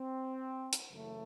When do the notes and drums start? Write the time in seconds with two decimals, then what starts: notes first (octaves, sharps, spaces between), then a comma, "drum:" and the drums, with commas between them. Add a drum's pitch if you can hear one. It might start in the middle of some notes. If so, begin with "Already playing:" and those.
Already playing: C4
0.73 drum: hi-hat
0.89 F#1 F#2 C#3 E3 A3